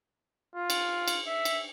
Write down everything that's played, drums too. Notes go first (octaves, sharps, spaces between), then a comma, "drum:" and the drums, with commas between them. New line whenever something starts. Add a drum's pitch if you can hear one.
F4
drum: cymbal
drum: cymbal
E5
drum: cymbal